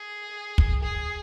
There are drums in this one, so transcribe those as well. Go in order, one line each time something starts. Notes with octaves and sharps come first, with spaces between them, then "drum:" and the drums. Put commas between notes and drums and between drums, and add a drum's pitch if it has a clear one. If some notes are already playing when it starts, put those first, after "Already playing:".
Already playing: G#4
drum: kick
G#4